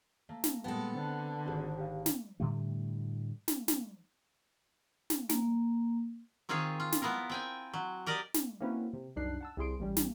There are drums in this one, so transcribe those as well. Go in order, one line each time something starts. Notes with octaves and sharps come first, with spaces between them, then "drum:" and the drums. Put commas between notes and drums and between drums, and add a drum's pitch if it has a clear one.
A3 A#3
drum: snare
A#2 G3 G#3 A#3 B3 A4 G5 A5
D3 C4
G#1 C4 F#4 G#4 C5
G4 F5
drum: snare
A2 D3 G3 A3
drum: snare
drum: snare
drum: snare
A#3, drum: snare
D#3 C4 F4 G#4 C#5
F4
drum: snare
B3 E4 F4 A#4
C4 G5 G#5
F#3
G4 A#4 D5 D#5
drum: snare
A#3 C4 C#4 E4 F#4 B4
C3
C2 F#2 D4 D#4 F#6 C7
F#5 A5 E6
C2 E4 G#4 C6 D7
A1 G3 C#4
drum: snare